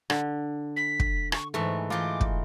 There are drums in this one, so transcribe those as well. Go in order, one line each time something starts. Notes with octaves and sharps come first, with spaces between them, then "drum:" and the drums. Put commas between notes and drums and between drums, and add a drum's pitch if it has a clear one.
D3, drum: rim click
B6
drum: kick
C#6, drum: rim click
G#2 E3 A3 C#6
E3 D#4 F4 D6
drum: kick